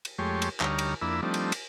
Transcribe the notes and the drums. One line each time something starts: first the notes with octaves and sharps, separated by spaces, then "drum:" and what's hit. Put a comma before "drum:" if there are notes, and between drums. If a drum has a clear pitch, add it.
drum: cymbal
F2 G#3 A3 G4 C#5 C6
drum: cymbal
D2 G3 D#4 C#5 A#5 F6, drum: clap
drum: cymbal
F2 A#3 D4 E4 B5 E6
F3 G3 A3 C4 D4 D#4
drum: cymbal
drum: cymbal